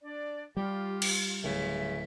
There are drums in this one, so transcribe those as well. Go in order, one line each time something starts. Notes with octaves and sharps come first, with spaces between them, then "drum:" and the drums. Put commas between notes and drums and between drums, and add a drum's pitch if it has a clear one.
D4 D5
G3 F4 G4
drum: cymbal
D1 C#3 E5